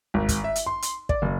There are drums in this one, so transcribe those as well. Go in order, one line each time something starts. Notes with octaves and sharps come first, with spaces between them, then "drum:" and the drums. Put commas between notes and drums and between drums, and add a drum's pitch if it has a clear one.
G#1
drum: kick, hi-hat
E5
drum: hi-hat
C6
drum: hi-hat
D5, drum: kick
F#1